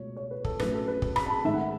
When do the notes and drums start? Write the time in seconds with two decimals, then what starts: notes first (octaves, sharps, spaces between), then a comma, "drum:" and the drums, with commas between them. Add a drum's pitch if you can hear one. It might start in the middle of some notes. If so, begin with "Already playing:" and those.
Already playing: C#2 B2 A3 C#5
0.16 C#5
0.31 B4
0.45 A4, drum: kick
0.59 A2 F#3 A3 C#4 E4 B4, drum: rim click
0.74 A4
0.88 B4
1.02 drum: kick
1.16 B5, drum: rim click
1.26 A5
1.31 B5
1.44 G#2 D#3 A3 E5
1.54 F#5